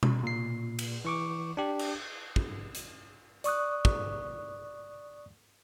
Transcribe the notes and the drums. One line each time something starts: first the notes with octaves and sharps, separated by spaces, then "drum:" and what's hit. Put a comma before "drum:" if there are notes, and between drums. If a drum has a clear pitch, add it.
drum: tom B2
A#2 C7
drum: cymbal
E3 C#6 D6
D4 G4
drum: cymbal
drum: kick
drum: hi-hat
D5 C#6 D#6 F#6, drum: hi-hat
drum: kick